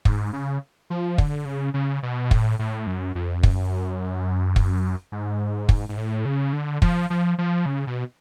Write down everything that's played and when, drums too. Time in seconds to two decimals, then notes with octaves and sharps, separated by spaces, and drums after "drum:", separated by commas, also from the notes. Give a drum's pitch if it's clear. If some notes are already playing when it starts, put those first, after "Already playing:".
0.05 G#2, drum: kick
0.33 C#3
0.90 F3
1.18 D3, drum: kick
1.45 C#3
1.74 C#3
2.03 B2
2.31 A2, drum: kick
2.59 A2
2.87 F#2
3.15 F2
3.43 F#2, drum: kick
4.56 drum: kick
5.12 G#2
5.69 drum: kick
5.89 G#2
5.97 A2
6.25 C#3
6.53 D3
6.82 F3, drum: kick
7.10 F3
7.38 F3
7.66 C#3
7.87 B2